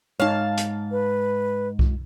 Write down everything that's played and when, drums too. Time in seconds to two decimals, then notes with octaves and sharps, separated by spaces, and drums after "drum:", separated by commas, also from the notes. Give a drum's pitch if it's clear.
0.20 G#2 D#4 C#5 F5 A5
0.58 drum: hi-hat
0.91 B4
1.79 drum: kick C2